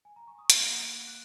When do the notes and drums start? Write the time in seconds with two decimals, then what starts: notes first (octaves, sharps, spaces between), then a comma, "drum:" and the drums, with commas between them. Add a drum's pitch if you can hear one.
0.05 G#5
0.16 A#5
0.28 C#6
0.39 D#6
0.50 A#3 F#5 F#6, drum: hi-hat
1.08 F#6